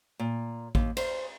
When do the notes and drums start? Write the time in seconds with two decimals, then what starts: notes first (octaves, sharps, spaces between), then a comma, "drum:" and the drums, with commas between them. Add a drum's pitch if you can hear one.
0.20 A#2
0.75 D#2, drum: kick A1
0.97 C5, drum: cymbal